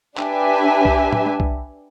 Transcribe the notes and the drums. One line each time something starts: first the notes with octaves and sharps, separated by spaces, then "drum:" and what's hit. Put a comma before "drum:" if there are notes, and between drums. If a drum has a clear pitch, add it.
D4 G4 B4 E5 G#5, drum: clap
drum: kick C2
drum: tom
drum: tom
drum: kick C2